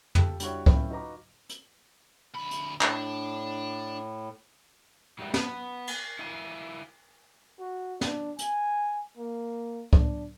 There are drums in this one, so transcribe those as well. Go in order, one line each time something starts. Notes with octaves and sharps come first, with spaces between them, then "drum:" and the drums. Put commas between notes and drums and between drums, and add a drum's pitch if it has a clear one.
F4 G4 A4, drum: tom
G3 D4 E4 F#4 C#5, drum: hi-hat
A3 C4 C#4 E4 F4 B4, drum: kick C#2
D#4 F4 F#4 B4 A#5 D6
drum: hi-hat
D2 B5
drum: hi-hat
A2 D4, drum: clap
G#2 E3 F#3 G3
B3, drum: snare
drum: cymbal
E4 F4 G#5
F#4
D4, drum: snare
G#5, drum: hi-hat
A#3
D4, drum: kick C#2